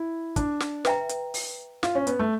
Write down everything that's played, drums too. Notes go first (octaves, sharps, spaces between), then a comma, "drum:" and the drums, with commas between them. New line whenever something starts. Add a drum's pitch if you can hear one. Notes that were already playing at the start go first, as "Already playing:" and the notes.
Already playing: E4
D4, drum: kick, hi-hat
drum: snare
B4 E5 G5 A#5, drum: snare
drum: hi-hat
drum: open hi-hat
F4, drum: snare
C#4
B3, drum: hi-hat
A3